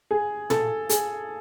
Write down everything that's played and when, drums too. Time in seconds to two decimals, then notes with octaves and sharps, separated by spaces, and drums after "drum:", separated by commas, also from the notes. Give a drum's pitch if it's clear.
0.11 G#4
0.50 A4, drum: tom
0.89 G#4, drum: hi-hat